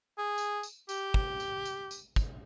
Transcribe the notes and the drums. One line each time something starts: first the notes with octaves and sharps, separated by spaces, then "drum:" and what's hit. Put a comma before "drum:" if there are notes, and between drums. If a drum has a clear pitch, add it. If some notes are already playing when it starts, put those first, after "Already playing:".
G#4
drum: tambourine
drum: tambourine
G4, drum: tambourine
drum: kick
drum: tambourine
drum: tambourine
drum: tambourine
drum: kick, tambourine